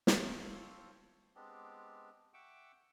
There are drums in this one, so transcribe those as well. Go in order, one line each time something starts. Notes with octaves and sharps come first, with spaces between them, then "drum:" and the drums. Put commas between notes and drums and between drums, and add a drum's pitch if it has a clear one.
drum: snare
C4 F4 A4 C5 C#5
G#3 B3 C4 D4 G4
E5 F#5 G5 C#6 D6 E6